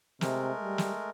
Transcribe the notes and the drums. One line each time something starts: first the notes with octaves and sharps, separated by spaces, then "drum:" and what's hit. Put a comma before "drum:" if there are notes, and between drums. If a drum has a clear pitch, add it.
C3 G#3 A3 A#4, drum: snare
G3
drum: snare